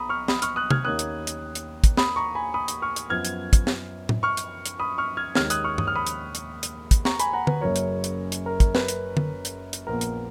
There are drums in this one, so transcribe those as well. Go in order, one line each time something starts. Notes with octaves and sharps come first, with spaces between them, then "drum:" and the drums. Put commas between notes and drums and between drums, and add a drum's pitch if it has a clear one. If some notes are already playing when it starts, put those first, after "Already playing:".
Already playing: B1 A#5 B5 D#6
C#6 F6
B5 D#6, drum: snare
C#6 F6, drum: hi-hat
D#6 F#6
F6 G#6, drum: tom
D#2 D#3 A#3 C#4 D#6 F#6
drum: hi-hat
drum: hi-hat
drum: hi-hat
drum: kick, hi-hat
B5 D#6, drum: snare
A#5 C#6
G#5 B5
B5 D#6
drum: hi-hat
C#6 F6
drum: hi-hat
F#2 F3 B3 F6 G#6
drum: hi-hat
drum: kick, hi-hat
drum: snare
drum: tom A2
C#6 F6
drum: hi-hat
drum: hi-hat
B5 D#6
C#6 F6
F6 G#6
D#2 D#3 G#3 C#4 F6 G#6, drum: snare
D#6 F#6, drum: hi-hat
C#6 F6
D#6, drum: tom G2
F6
B5 D#6
drum: hi-hat
drum: hi-hat
drum: hi-hat
drum: kick, hi-hat
A#5 C#6, drum: snare
G#5 B5, drum: hi-hat
F#5 A#5
B4, drum: tom
F#1 F#2 C#3 F#3 A#3 A#4 C#5
drum: hi-hat
drum: hi-hat
drum: hi-hat
A#4
drum: kick, hi-hat
B4, drum: snare
drum: hi-hat
drum: tom
drum: hi-hat
drum: hi-hat
A#1 A#2 F3 B3 A#4
drum: hi-hat